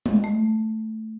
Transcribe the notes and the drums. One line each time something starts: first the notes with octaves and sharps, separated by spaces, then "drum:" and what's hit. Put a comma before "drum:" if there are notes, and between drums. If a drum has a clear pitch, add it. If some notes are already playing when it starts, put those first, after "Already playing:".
drum: tom G#3
A3